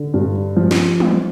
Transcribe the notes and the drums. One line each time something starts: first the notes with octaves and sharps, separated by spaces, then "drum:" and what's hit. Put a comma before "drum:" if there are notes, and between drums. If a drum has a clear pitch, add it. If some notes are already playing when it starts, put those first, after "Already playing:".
Already playing: D3
G2
F3
drum: snare
C4, drum: tom